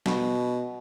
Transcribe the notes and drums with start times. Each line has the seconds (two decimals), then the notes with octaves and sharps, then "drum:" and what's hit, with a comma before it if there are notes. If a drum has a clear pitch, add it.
0.06 B2, drum: snare